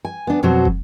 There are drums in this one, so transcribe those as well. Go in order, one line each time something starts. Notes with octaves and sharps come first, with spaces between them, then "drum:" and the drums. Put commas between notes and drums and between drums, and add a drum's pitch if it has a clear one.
G#5
B3 D4
F2 B2 F#3 F#4 C5
drum: kick